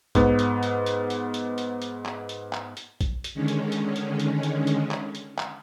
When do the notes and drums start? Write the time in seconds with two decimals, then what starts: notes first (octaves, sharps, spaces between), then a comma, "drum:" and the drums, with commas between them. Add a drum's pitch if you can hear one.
0.15 G#2 B3, drum: kick, hi-hat
0.39 drum: hi-hat
0.63 drum: hi-hat
0.86 drum: hi-hat
1.10 drum: hi-hat
1.34 drum: hi-hat
1.58 drum: hi-hat
1.82 drum: hi-hat
2.05 drum: clap
2.29 drum: hi-hat
2.53 drum: clap
2.77 drum: hi-hat
3.01 drum: kick, hi-hat
3.24 drum: hi-hat
3.34 D3 D#3 G#3 C#4
3.48 drum: hi-hat
3.72 drum: hi-hat
3.96 drum: hi-hat
4.20 drum: hi-hat
4.43 drum: hi-hat
4.67 drum: hi-hat
4.91 drum: clap
5.15 drum: hi-hat
5.38 drum: clap